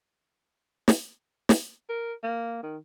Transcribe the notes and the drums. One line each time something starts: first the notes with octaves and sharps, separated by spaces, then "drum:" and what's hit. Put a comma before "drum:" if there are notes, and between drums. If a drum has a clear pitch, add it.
drum: snare
drum: snare
A#4
A#3
D#3